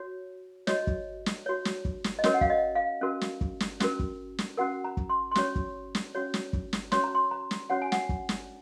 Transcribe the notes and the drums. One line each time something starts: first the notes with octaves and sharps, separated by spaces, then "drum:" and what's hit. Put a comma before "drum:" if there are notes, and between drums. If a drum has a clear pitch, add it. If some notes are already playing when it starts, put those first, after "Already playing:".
Already playing: F#4 C#5
F#4 C#5 D#5, drum: snare
drum: kick
drum: snare
F#4 C#5
drum: snare
drum: kick
drum: snare
D#5
C#4 F#4 A#4 C#5, drum: snare
F#5
F5, drum: kick
D#5
F5
C#4 F#4 A#4
drum: snare
drum: kick
drum: snare
C#4 F#4 A#4, drum: snare
drum: kick
drum: snare
C#4 F#4 A#4 F#5
A#5
drum: kick
C6
C6
C#4 F#4 C#5 C#6, drum: snare
drum: kick
drum: snare
C#4 F#4 C#5
drum: snare
drum: kick
drum: snare
C#4 F#4 C#5 C6, drum: snare
A#5
C6
A#5
drum: snare
C#4 F#4 C#5 F#5
G#5
F#5, drum: snare
drum: kick
drum: snare